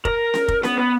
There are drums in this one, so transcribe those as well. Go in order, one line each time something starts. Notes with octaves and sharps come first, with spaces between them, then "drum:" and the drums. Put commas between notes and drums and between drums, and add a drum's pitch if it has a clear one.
A#4, drum: kick
drum: snare C#4
drum: kick
B3, drum: snare C#4
B3